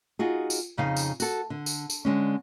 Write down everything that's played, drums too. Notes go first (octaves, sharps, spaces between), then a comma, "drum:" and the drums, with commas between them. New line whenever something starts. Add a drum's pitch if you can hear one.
D#4 F4 F#4 G#4
drum: tambourine
F2 C#3 D#4 F5
drum: tambourine
F#4 A4, drum: tambourine
D3
drum: tambourine
drum: tambourine
D3 G#3 C#4